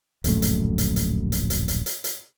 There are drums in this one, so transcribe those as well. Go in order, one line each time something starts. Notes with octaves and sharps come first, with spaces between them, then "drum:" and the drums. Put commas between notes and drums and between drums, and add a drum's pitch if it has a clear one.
D1 A#1 F#2 A3, drum: hi-hat
drum: hi-hat
drum: hi-hat
drum: hi-hat
drum: hi-hat
drum: hi-hat
drum: hi-hat
drum: hi-hat
drum: hi-hat